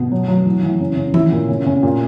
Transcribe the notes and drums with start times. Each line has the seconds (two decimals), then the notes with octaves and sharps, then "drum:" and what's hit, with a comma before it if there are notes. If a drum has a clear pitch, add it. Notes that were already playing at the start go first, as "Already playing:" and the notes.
Already playing: B2
0.11 F#3
0.28 F#3
0.45 E3
0.63 E3
0.80 C#3
0.97 C#3
1.14 E4, drum: tom D#3
1.32 A#2
1.49 C#3
1.66 C#3
1.83 A#2